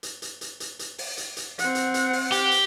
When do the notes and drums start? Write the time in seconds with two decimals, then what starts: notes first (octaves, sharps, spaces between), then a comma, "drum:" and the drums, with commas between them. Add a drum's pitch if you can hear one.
0.03 drum: hi-hat
0.22 drum: hi-hat
0.41 drum: hi-hat
0.60 drum: hi-hat
0.79 drum: hi-hat
0.98 drum: open hi-hat
1.18 drum: hi-hat
1.37 drum: hi-hat
1.59 C4 F#5, drum: hi-hat
1.75 drum: hi-hat
1.94 drum: hi-hat
2.13 drum: open hi-hat
2.32 G4, drum: hi-hat
2.51 drum: hi-hat